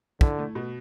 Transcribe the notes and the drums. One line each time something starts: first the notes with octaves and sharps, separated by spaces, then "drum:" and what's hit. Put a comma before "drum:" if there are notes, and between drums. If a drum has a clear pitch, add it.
D3 E4, drum: kick
A3
B2